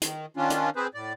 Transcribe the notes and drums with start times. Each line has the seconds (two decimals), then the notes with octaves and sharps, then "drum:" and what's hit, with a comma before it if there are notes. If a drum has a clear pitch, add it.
0.02 D#3, drum: hi-hat
0.37 D#3 C#4 D4 F4
0.50 drum: hi-hat
0.76 C4 G#4 B4 C5
0.94 A2 D5